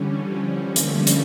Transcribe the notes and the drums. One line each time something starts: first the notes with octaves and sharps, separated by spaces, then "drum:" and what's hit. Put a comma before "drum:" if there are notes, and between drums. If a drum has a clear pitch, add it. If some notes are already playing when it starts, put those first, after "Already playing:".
Already playing: D3 E3 G3 C#4
F3
A#3, drum: hi-hat
A3
G3
A3, drum: hi-hat